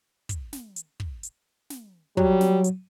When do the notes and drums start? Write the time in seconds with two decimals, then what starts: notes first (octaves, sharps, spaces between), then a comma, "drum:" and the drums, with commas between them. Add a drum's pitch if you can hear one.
0.29 drum: kick, hi-hat
0.53 drum: snare
0.76 drum: hi-hat
1.00 drum: kick
1.23 drum: hi-hat
1.70 drum: snare
2.17 F#3 G3, drum: kick
2.41 drum: snare
2.64 drum: hi-hat